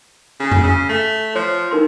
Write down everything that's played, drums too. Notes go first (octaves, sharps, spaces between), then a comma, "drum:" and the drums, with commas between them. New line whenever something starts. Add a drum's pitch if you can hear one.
C#3
drum: tom F2
C#3 E6
A3
F3 C#5
D#4 A#4 C6